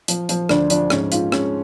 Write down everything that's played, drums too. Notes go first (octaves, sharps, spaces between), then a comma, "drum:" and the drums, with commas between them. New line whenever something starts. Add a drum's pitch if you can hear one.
F3, drum: hi-hat
F3, drum: hi-hat
D2 D4, drum: rim click
F3 D4, drum: hi-hat
G#2 C#4, drum: rim click
G#2 F4, drum: hi-hat
G#3 C#4, drum: rim click